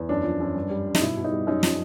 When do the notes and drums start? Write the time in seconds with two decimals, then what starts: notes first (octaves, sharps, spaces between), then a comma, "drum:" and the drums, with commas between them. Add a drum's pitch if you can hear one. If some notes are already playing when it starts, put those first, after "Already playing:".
Already playing: E2
0.09 F#2 D4
0.24 F3
0.40 F#2
0.55 G2
0.70 G3
0.86 G2
0.95 D#4, drum: snare
1.01 B2 E4
1.17 B2
1.24 D#4
1.32 G3
1.47 F#2 D#4
1.63 F3, drum: snare